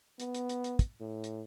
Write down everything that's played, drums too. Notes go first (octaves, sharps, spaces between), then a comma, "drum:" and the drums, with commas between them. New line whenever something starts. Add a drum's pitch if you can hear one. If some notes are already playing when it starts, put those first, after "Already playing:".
B3, drum: hi-hat
drum: hi-hat
drum: hi-hat
drum: hi-hat
drum: kick, hi-hat
A2
drum: hi-hat